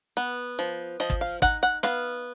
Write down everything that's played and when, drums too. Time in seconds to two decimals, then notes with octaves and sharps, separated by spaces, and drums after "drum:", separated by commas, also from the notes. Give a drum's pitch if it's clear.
0.17 B3
0.59 F3
1.00 F3 D#5
1.10 drum: kick
1.21 F5
1.42 D#4 F#5, drum: kick
1.63 F#5
1.83 B3 F5, drum: rim click